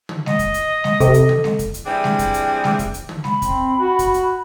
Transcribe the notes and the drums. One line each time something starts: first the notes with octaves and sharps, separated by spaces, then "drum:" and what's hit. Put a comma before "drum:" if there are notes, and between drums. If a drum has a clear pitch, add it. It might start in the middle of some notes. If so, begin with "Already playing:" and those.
drum: tom
D#5, drum: snare G#3
drum: kick, hi-hat
drum: hi-hat
drum: snare G#3
C3 A4, drum: kick, hi-hat
drum: hi-hat
drum: tom
drum: snare G#3
drum: kick, hi-hat
drum: hi-hat
E3 G3 C4 D4 E4 G#4
drum: snare G#3
drum: kick, hi-hat
drum: hi-hat
drum: snare G#3
drum: kick, hi-hat
drum: hi-hat
drum: tom
B5, drum: snare G#3
C4, drum: kick, hi-hat
F#4
drum: kick, hi-hat
drum: hi-hat